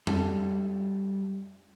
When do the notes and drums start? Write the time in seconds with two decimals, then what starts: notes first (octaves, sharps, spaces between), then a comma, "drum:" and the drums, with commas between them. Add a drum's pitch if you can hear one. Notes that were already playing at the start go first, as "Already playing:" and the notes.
0.07 G3 A4, drum: tom